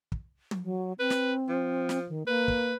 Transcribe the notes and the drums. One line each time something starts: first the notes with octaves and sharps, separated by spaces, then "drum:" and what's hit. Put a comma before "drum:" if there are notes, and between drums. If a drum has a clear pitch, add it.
drum: kick
drum: tom
F#3
C4 B4
drum: snare
F3
drum: snare
D#3
A#3 B4
drum: kick